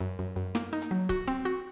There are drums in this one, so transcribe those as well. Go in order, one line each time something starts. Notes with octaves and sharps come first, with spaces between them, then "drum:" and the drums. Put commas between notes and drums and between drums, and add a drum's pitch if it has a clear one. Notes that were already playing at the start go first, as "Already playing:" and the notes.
F#2
F#2
F#2
A#3, drum: snare
D#4
drum: hi-hat
F#3
F#4, drum: kick, hi-hat
C4
F#4